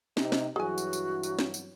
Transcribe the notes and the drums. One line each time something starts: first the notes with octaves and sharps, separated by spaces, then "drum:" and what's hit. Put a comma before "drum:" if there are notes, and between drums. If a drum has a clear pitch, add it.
C3 D#4, drum: snare
drum: snare
G2 E3 F#3 F#4 G#4 G#5
drum: tambourine
drum: tambourine
drum: tambourine
drum: snare
drum: tambourine